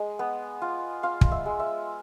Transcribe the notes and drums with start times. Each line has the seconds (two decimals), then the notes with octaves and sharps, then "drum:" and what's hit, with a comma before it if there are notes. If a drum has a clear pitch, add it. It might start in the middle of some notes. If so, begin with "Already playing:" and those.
Already playing: G#3 D#5
0.19 B3
0.62 F4
1.03 F4 F5
1.21 drum: kick
1.32 E5
1.46 G#3
1.60 E5